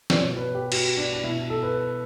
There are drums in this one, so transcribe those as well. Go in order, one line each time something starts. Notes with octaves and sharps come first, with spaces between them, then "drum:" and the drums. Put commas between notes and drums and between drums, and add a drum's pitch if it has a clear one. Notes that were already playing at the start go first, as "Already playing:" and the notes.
D5, drum: snare
B2 C#5
B4
G4
F#4, drum: cymbal
D4
D4
B2 E4
A4
B4